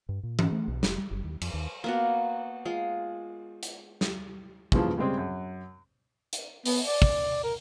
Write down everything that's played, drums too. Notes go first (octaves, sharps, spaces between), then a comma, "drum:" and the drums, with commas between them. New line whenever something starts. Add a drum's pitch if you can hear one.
G2
A#2
G#2, drum: tom E3
A3
B1
F1, drum: snare
G3
F#1
D#2
F2, drum: cymbal
D#2
A#3 B3 F#4
G#3 F4
drum: hi-hat
drum: snare
G2 A#2 C#3 E3 F3, drum: kick
C#3 G3 G#3 C4 G#4
F#2
drum: hi-hat
B3, drum: open hi-hat
D5
drum: kick
A#4